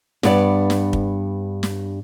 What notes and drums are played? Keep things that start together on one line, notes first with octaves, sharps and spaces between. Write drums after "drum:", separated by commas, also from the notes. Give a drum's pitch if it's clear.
G2 B3 D5, drum: snare
drum: snare
drum: kick
drum: snare